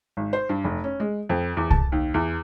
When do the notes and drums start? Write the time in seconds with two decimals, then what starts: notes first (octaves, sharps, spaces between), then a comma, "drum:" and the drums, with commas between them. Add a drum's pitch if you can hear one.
0.17 G#1
0.33 C5
0.49 G2
0.64 F1
0.84 C#4
1.00 G#3
1.29 F2
1.57 E2
1.71 A5, drum: kick C2
1.92 D#2
2.14 E2